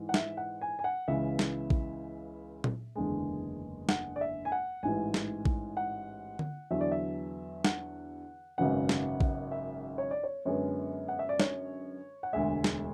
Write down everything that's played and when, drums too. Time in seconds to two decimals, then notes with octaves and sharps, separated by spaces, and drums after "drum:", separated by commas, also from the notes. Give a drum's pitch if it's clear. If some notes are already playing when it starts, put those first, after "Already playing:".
Already playing: G#2 E3
0.09 F#5
0.14 E5, drum: snare
0.37 F#5
0.61 G#5
0.79 G#5
0.84 F#5
1.08 C#2 C#3 E3 B3 E5
1.39 drum: snare
1.70 drum: kick A1
2.64 drum: tom A#2
2.96 F#1 E2 D3 G#3
3.89 F#5, drum: snare
4.16 D5
4.21 E5
4.45 G#5
4.52 F#5
4.83 A1 G#2 E3 G#5
5.14 drum: snare
5.45 drum: kick A1
5.77 F#5
6.39 drum: tom D3
6.70 E2 D3 F#3 E5
6.81 D5
6.91 E5
7.65 F#5, drum: snare
8.58 G#1 F#2 C#3 F#3 B3 F#5
8.89 drum: snare
9.21 drum: kick A1
9.51 E5
9.98 C#5
10.11 D5
10.23 C#5
10.45 F#2 D3 G#3 B3 C#5
11.08 F#5
11.19 E5
11.29 D5
11.40 C#5, drum: snare
12.23 F#5
12.33 E1 D2 D3 G#3 E5
12.64 drum: snare